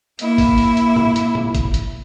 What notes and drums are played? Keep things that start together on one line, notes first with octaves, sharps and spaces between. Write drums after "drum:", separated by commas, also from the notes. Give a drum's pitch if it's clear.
A#3 E4, drum: hi-hat
drum: kick G1, open hi-hat
drum: open hi-hat
drum: hi-hat
drum: tom
drum: hi-hat
drum: tom
drum: kick G1, hi-hat
drum: hi-hat